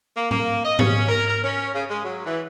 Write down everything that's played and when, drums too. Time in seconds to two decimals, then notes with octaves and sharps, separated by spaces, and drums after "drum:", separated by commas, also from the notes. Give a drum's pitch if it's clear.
0.15 A#3
0.31 A#3, drum: tom
0.65 D#5
0.79 C#4, drum: tom G#2
1.08 A#4
1.27 A#4
1.44 C#4
1.74 C#3
1.89 G#3
2.03 F#3
2.25 E3